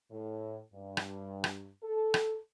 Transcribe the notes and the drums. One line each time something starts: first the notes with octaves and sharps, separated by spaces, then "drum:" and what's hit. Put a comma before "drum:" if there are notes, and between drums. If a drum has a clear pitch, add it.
A2
G2
drum: rim click
drum: rim click
A4
drum: rim click